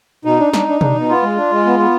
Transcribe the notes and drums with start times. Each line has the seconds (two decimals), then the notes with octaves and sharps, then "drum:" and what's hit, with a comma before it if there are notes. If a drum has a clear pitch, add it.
0.25 B2 D#4
0.39 D4
0.53 D4, drum: snare
0.68 D4
0.81 D4, drum: tom B2
0.96 B2
1.09 B3 F4
1.23 G#3
1.37 D4
1.51 G#3
1.66 B3
1.79 B3